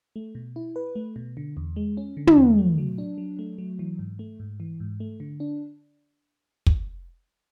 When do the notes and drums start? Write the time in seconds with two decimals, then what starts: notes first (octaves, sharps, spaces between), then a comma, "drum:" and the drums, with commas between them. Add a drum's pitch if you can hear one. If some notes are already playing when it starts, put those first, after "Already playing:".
0.16 A3
0.35 B2
0.56 E4
0.76 B4
0.95 A3
1.16 B2
1.37 D3
1.57 E2
1.76 G#3
1.97 C#4
2.17 D3
2.27 drum: tom
2.37 E2
2.58 A3
2.78 F#3
2.98 D4
3.18 F#3
3.39 A3
3.58 F#3
3.79 E3
3.99 G#2
4.19 A3
4.40 G#2
4.60 E3
4.80 G#2
5.00 A3
5.20 D3
5.40 D4
6.66 drum: kick